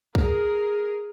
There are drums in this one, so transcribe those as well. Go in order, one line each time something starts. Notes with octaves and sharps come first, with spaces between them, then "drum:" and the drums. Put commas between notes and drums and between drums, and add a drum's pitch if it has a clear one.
G#4 A#4, drum: kick